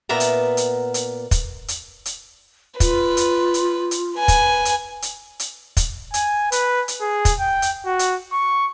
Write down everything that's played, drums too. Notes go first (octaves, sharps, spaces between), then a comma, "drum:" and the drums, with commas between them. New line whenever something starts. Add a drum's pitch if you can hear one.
A#2 A#3 B3 E5 A#5
drum: hi-hat
drum: hi-hat
drum: hi-hat
drum: kick, hi-hat
drum: hi-hat
drum: hi-hat
F4 B4, drum: kick, hi-hat
drum: hi-hat
drum: hi-hat
drum: hi-hat
B4 G#5
drum: kick, hi-hat
drum: hi-hat
drum: hi-hat
drum: hi-hat
drum: kick, hi-hat
G#5, drum: hi-hat
B4, drum: hi-hat
drum: hi-hat
G#4
drum: kick, hi-hat
G5
drum: hi-hat
F#4
drum: hi-hat
C#6